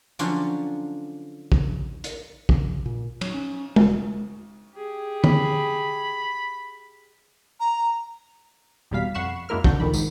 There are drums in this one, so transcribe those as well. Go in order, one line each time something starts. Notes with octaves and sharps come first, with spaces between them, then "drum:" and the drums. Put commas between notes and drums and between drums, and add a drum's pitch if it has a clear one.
D3 F3 F#3 C#4 D4 F4, drum: hi-hat
drum: kick
drum: hi-hat
drum: kick
A#2
F#3, drum: cymbal
C#4
E1, drum: tom G#3
G4 G#4
B5, drum: tom D3
A#5
G#1 E2 B2 G3 F5 B6
F2 F#5 B5 C#6 C7 E7
F#2 G#3 A#3 E4 A#4 F6
D#2 D3 D4 F#4 G6, drum: kick
D2 A#2 D3 D#3 B5
G#2 D#3, drum: tambourine